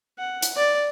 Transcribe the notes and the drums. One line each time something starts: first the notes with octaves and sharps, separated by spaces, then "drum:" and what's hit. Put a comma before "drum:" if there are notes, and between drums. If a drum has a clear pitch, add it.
F#5
drum: hi-hat
D5